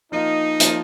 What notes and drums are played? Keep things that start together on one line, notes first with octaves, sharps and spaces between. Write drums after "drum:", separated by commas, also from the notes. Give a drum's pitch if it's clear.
F3 A#3 D#4 F4
F3 A#3 F4, drum: hi-hat